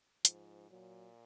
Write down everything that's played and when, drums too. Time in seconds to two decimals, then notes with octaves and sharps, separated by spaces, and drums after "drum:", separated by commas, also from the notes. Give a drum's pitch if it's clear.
0.25 G#2 F3, drum: hi-hat
0.70 A#2 F#3